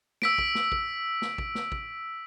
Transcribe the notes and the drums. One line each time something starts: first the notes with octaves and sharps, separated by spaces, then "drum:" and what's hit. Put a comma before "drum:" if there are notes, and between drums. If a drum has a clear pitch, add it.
E6 B6 D7, drum: snare
drum: kick
drum: snare
drum: kick
drum: snare
drum: kick
drum: snare
drum: kick